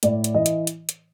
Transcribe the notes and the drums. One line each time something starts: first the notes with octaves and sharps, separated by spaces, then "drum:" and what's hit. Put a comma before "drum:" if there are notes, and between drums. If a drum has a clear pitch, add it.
A2 D5, drum: hi-hat
drum: hi-hat
E3 D#5
drum: hi-hat
drum: hi-hat
drum: hi-hat